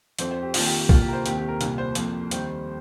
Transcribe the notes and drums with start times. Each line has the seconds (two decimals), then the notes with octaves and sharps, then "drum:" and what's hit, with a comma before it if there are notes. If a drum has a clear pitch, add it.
0.19 F2 F3 C4 C5, drum: hi-hat
0.31 C5
0.42 G4
0.54 F2 D#3 A#3 F4, drum: open hi-hat
0.66 G4
0.78 G4
0.89 C2 A#2 A#3 F4, drum: kick B1
1.02 G4
1.09 A#4
1.13 C5
1.26 D#2 D#3 C4 G4, drum: hi-hat
1.37 G4
1.48 A#4
1.61 C2 A#2 G3, drum: hi-hat
1.78 C5
1.95 F2 F3 A#3, drum: hi-hat
2.31 D#2 D#3 G3 C4, drum: hi-hat